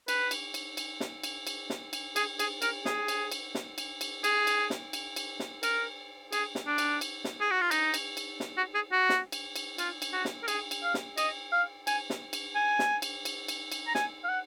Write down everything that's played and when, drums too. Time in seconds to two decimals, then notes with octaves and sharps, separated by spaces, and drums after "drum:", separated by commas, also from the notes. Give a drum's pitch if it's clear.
0.08 B4, drum: cymbal
0.31 drum: cymbal
0.54 drum: cymbal
0.77 drum: cymbal
1.00 drum: snare
1.24 drum: cymbal
1.47 drum: cymbal
1.70 drum: snare
1.93 drum: cymbal
2.16 G#4, drum: cymbal
2.39 G#4, drum: cymbal
2.62 A#4, drum: cymbal
2.85 G#4, drum: snare
3.08 drum: cymbal
3.32 drum: cymbal
3.55 drum: snare
3.78 drum: cymbal
4.01 drum: cymbal
4.24 G#4, drum: cymbal
4.47 drum: cymbal
4.70 drum: snare
4.93 drum: cymbal
5.16 drum: cymbal
5.40 drum: snare
5.63 A#4, drum: cymbal
6.33 G#4, drum: cymbal
6.55 drum: snare
6.66 D4
6.78 drum: cymbal
7.01 drum: cymbal
7.24 drum: snare
7.41 G#4
7.51 F#4
7.61 F4
7.71 D#4, drum: cymbal
7.94 drum: cymbal
8.17 drum: cymbal
8.40 drum: snare
8.57 F#4
8.75 G#4
8.92 F#4
9.09 drum: snare
9.32 drum: cymbal
9.56 drum: cymbal
9.78 F4, drum: cymbal
10.02 drum: cymbal
10.13 F#4
10.25 drum: snare
10.43 A#4
10.48 G#4, drum: cymbal
10.71 drum: cymbal
10.83 F5
10.94 drum: snare
11.18 D#5, drum: cymbal
11.52 F5
11.87 G#5, drum: cymbal
12.10 drum: snare
12.33 drum: cymbal
12.56 G#5
12.79 drum: snare
13.02 drum: cymbal
13.25 drum: cymbal
13.48 drum: cymbal
13.72 drum: cymbal
13.88 A#5
13.95 G#5, drum: snare
14.24 F5
14.29 F#5